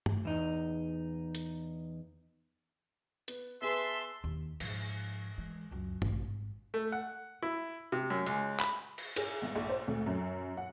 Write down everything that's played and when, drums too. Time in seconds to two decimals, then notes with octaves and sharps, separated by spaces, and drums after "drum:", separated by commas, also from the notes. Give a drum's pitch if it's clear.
0.06 drum: tom G2
0.25 E2 D#4
1.35 drum: hi-hat
3.28 B3, drum: hi-hat
3.62 B3 G#4 B4 E5 A5 C6
4.24 D#2
4.60 G#2 F3, drum: cymbal
5.38 E3 G#3
5.71 C#2 F#2
6.02 A1 C3, drum: tom G2
6.23 G#1
6.74 A3
6.92 F#5
7.43 E4
7.92 C3
8.10 F#2
8.27 C#2, drum: hi-hat
8.60 B5, drum: clap
8.98 drum: cymbal
9.16 G#4, drum: cymbal
9.42 G1
9.55 A#1
9.69 C5
9.88 D2
10.06 F#2
10.57 F#5